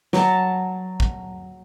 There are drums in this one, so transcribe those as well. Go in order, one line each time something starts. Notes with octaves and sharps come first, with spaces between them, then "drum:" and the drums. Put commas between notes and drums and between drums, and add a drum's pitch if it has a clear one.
F#3 A5, drum: snare
drum: kick